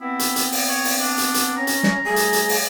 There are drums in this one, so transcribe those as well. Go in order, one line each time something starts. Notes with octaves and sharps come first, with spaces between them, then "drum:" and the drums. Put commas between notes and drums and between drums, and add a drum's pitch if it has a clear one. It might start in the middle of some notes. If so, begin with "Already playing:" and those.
B3 C4 E4
drum: hi-hat
drum: hi-hat
drum: open hi-hat
C#5
drum: open hi-hat
D4
drum: hi-hat
drum: hi-hat
C#4 A#5
drum: hi-hat
drum: snare
G3 A3 G#4
drum: hi-hat
drum: hi-hat
drum: open hi-hat